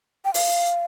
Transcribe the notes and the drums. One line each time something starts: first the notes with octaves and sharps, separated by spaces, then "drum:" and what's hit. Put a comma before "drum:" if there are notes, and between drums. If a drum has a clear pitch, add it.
G5
F5, drum: open hi-hat